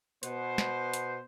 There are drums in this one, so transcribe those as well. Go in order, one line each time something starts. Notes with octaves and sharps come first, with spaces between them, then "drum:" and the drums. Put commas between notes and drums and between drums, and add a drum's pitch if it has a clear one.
B2 B3 C5, drum: hi-hat
drum: snare
drum: hi-hat